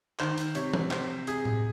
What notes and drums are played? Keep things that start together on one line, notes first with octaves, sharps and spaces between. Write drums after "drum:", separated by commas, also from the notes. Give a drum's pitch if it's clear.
D#3 C5, drum: clap
drum: hi-hat
C3 C#5, drum: hi-hat
drum: tom E3
C3 C5, drum: clap
C3 G#4, drum: hi-hat
drum: tom A2